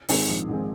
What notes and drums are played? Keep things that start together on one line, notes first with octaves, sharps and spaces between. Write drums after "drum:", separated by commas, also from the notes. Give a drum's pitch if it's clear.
G#2 D#3 C4 G#4, drum: open hi-hat
A#1
G#2 D#3 C4 G#4